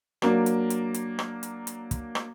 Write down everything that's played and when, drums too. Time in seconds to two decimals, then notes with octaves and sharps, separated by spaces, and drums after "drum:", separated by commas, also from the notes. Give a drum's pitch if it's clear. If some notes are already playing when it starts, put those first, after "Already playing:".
0.22 F#3 A#3 D4, drum: rim click
0.46 drum: hi-hat
0.70 drum: hi-hat
0.94 drum: hi-hat
1.19 drum: rim click
1.43 drum: hi-hat
1.67 drum: hi-hat
1.91 drum: kick, hi-hat
2.15 drum: rim click